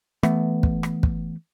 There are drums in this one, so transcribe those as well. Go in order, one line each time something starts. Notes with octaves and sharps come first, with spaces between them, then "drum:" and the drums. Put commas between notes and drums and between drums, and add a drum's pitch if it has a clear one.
E3 A3 B3, drum: rim click
drum: kick
drum: rim click
drum: kick